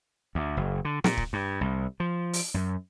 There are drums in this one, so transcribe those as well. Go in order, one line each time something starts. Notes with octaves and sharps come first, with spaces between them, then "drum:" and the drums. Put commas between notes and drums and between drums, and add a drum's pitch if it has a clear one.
D2
F#1
D3
A#2, drum: snare
drum: kick
G2
C2
F3
drum: open hi-hat
F#2